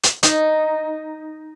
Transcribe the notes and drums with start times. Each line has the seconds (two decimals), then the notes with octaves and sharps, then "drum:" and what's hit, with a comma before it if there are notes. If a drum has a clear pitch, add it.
0.03 drum: hi-hat
0.23 D#4, drum: hi-hat